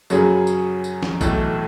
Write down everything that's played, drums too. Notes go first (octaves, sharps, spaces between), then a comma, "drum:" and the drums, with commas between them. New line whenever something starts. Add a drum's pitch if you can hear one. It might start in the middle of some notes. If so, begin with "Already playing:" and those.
F#2 C#3 F#3 C#4 G#4, drum: tambourine
drum: tambourine
drum: tambourine
drum: snare
B1 A2 E3 A3, drum: kick, tambourine